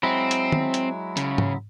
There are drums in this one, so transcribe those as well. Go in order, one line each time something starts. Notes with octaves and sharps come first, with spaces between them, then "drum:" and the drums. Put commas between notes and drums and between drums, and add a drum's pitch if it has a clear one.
F#3 G#3 C4 E4
drum: hi-hat
drum: tom
drum: hi-hat
C#3, drum: hi-hat
drum: tom G#2